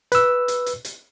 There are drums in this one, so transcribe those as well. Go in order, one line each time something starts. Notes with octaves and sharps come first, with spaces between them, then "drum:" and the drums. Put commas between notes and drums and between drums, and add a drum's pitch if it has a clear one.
B4 E6, drum: hi-hat
drum: hi-hat
drum: hi-hat
drum: hi-hat